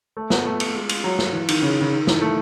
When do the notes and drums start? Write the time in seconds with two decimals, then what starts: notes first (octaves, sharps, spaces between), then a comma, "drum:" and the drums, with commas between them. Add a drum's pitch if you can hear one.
0.17 A3
0.30 B3, drum: snare
0.46 A3
0.60 drum: cymbal
0.74 G#3
0.89 drum: cymbal
1.04 F#3
1.19 drum: snare
1.33 E3
1.48 D#3, drum: cymbal
1.62 C#3
1.71 D#3
1.81 C#3
1.92 D#3
2.07 E3, drum: snare
2.21 A3